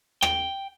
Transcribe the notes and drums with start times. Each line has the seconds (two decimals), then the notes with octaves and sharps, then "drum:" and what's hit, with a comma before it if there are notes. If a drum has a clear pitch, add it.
0.22 G5, drum: rim click